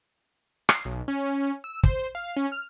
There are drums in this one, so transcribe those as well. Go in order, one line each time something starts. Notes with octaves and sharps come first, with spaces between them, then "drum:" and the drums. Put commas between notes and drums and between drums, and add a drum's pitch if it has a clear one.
C7, drum: rim click
B1
C#4
E6
C5, drum: kick
F5
C#4
F6